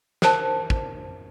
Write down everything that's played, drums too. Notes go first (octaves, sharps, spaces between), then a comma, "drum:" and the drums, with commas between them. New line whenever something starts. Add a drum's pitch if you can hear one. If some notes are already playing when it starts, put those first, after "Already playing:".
A#4 C5 A5, drum: snare
drum: kick